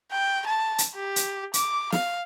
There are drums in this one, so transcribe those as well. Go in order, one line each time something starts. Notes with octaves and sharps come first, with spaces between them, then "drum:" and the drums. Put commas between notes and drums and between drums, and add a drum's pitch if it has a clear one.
G5
A5
drum: hi-hat
G4
drum: hi-hat
D6, drum: hi-hat
F5, drum: snare